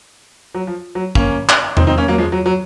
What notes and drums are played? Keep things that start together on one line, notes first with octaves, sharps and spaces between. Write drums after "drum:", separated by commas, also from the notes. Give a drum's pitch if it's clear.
F#3
F3
F#3
A#3 C#4, drum: kick
drum: clap
C4 D#4, drum: tom E2
C4 D#4
A#3 C#4
F#3 A#3
F3 G#3
F#3
F#3